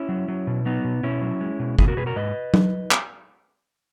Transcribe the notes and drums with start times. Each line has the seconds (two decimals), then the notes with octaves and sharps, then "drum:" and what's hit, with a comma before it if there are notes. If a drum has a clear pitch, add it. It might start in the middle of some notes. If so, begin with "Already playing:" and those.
Already playing: C#4 E4
0.09 F#3
0.28 F#3
0.47 B2
0.65 F#3 B3 D#4
0.84 B2
1.03 B2 C#4 E4
1.22 F#3
1.41 G#3
1.59 B2
1.79 B2 E4 G#4, drum: kick
1.88 F#4 A#4
1.97 B2 G#4 B4
2.06 F#4 A#4
2.16 G#2 B4 D#5
2.54 drum: tom F#3
2.91 drum: clap